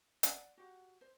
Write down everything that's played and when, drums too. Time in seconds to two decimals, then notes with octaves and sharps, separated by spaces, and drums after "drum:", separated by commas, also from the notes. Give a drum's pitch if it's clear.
0.23 D5 F#5, drum: hi-hat
0.57 F#4 G4 F#5
1.01 C5